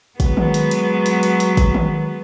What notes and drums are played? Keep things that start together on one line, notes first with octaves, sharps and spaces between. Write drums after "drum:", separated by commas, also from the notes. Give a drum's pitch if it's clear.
F#3 G#3 B3, drum: kick, hi-hat
drum: tom D#3
drum: hi-hat
drum: hi-hat
drum: hi-hat
drum: hi-hat
drum: hi-hat
drum: kick, hi-hat
drum: tom D#3